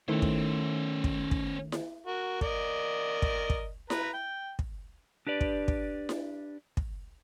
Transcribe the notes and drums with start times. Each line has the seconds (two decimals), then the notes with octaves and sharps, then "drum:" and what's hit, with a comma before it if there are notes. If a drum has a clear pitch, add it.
0.09 D#3 A3 C#4 E4 C5
0.22 drum: kick
1.04 drum: kick
1.31 drum: kick
1.72 drum: snare E4
2.07 F#4 A#4
2.41 A#4 D5 D#5, drum: kick
3.22 drum: kick
3.50 drum: kick
3.90 B4 A#5 B5, drum: snare E4
4.13 G5
4.59 drum: kick
5.27 D4 G4 B4 D5
5.41 drum: kick
5.68 drum: kick
6.09 drum: snare E4
6.77 drum: kick